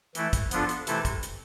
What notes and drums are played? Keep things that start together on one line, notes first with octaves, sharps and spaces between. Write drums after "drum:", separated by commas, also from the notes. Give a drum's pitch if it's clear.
E3 A3 E4, drum: hi-hat
drum: kick, hi-hat
F3 B3 D4 F4 A4, drum: hi-hat
drum: hi-hat
C3 E3 A3 E4 A4, drum: hi-hat
drum: kick, hi-hat
drum: hi-hat